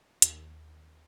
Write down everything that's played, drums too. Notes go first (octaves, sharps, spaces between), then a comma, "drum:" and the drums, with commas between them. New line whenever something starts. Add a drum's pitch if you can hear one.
D#2, drum: hi-hat